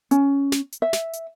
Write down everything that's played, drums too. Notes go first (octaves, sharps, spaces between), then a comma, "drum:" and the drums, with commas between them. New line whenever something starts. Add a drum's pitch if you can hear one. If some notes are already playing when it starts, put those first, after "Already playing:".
C#4, drum: hi-hat
drum: snare
drum: hi-hat
E5
drum: snare
drum: hi-hat